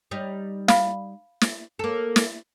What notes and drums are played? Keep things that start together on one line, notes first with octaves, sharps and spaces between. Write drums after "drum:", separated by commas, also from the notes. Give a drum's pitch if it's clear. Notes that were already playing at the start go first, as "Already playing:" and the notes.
G3 D#4
F5 B5, drum: snare
drum: snare
A#3 A4
drum: snare